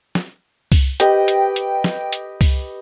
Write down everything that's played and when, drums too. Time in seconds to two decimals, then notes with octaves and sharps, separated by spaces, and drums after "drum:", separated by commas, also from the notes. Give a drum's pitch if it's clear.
0.15 drum: snare
0.72 drum: kick C2, open hi-hat
1.00 G4 B4 D#5 G5, drum: hi-hat
1.28 drum: hi-hat
1.56 drum: hi-hat
1.84 drum: snare
2.13 drum: hi-hat
2.41 drum: kick C2, open hi-hat